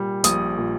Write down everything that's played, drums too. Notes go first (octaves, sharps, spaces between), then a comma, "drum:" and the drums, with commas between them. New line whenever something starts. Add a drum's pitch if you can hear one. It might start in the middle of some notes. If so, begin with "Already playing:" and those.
Already playing: A#2 G3
A#1 D#6, drum: hi-hat
A#2